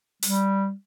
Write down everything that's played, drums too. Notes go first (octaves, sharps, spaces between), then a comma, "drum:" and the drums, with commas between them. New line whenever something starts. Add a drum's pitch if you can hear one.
G3, drum: open hi-hat